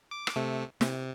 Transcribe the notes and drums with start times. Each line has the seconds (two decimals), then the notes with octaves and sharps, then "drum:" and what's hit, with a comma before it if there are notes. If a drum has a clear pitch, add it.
0.11 D6
0.27 drum: rim click
0.36 C3 A3
0.81 C3, drum: snare